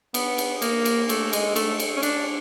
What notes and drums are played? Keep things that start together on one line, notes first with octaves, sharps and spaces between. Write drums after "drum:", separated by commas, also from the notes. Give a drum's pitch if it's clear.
B3, drum: cymbal
drum: cymbal
A#3, drum: cymbal
drum: cymbal
A3, drum: cymbal
G#3, drum: cymbal
A3, drum: cymbal
drum: cymbal
C#4
D4, drum: cymbal